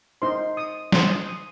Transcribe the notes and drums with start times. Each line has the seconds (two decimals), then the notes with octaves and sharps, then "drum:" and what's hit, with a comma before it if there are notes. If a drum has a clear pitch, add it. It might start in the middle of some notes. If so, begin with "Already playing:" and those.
0.22 D#4 C5 C6
0.57 D#6
0.92 C6, drum: snare
1.03 C6
1.10 D#6
1.29 D#6